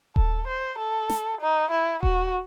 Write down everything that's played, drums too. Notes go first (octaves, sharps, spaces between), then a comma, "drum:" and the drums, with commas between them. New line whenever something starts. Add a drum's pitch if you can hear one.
A4, drum: kick D#1
C5
A4
drum: snare
D#4
E4
F#4, drum: kick D#1